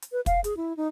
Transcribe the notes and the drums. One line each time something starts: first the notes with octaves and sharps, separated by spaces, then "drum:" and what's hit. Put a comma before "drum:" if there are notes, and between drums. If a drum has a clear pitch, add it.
drum: hi-hat
B4
F5, drum: kick, hi-hat
G#4, drum: hi-hat
E4
D#4